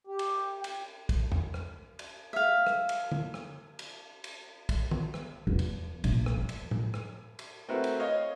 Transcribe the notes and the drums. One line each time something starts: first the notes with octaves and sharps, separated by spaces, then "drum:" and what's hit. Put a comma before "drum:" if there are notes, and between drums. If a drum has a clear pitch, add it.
G4
drum: cymbal
drum: cymbal
drum: kick, cymbal
drum: tom E2
drum: rim click
drum: cymbal
E5 F5
drum: rim click
drum: cymbal
drum: tom
drum: rim click
drum: cymbal
drum: cymbal
drum: kick, cymbal
drum: tom D#3
drum: rim click
E2
drum: cymbal
A#1, drum: cymbal
drum: rim click
E3
drum: cymbal
drum: tom A2
drum: rim click
drum: cymbal
A3 C4 E4 F#4 A#4 B4
drum: cymbal
C#5 D#5 F5